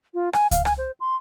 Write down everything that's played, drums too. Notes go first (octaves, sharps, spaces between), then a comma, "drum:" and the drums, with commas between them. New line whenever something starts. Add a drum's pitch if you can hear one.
F4
G#5, drum: rim click
F5, drum: kick C#2, hi-hat
G#5, drum: rim click
C5
C6